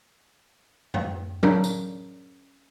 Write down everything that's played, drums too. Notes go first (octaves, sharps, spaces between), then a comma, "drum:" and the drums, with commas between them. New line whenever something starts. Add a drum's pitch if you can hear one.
drum: tom F#2
C#4 D4 A#4, drum: tom F#3
drum: tambourine